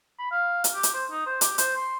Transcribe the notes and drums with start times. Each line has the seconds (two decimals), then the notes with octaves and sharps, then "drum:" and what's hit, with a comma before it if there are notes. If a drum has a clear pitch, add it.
0.19 B5
0.31 F5
0.64 drum: hi-hat
0.74 G4
0.83 drum: hi-hat
0.94 C5
1.11 D#4
1.26 C5
1.41 G4, drum: hi-hat
1.58 C5, drum: hi-hat
1.77 C6